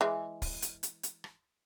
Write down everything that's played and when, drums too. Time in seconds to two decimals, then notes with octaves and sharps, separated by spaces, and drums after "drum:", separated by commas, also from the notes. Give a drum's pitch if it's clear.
0.01 E3 G#3
0.42 drum: kick, open hi-hat
0.62 drum: hi-hat
0.83 drum: hi-hat
1.03 drum: hi-hat
1.24 drum: rim click